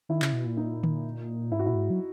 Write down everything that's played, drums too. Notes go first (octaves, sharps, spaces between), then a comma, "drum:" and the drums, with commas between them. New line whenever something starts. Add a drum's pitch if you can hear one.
D#3 E4
C#3, drum: clap
B2
A#2
D#4
drum: tom D3
G#2 E4
F#4
A#2 E4
G#2
F#3